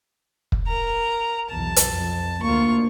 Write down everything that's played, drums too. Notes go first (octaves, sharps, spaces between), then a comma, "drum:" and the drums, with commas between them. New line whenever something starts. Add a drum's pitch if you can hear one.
drum: kick
A#4 A#5
B1 E2 A5
drum: hi-hat
F2
D2 A#3 F4 C#6